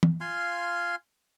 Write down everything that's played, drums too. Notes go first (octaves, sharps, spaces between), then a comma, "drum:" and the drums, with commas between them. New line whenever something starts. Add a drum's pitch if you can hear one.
drum: tom E3
F4 F5 G#5 C6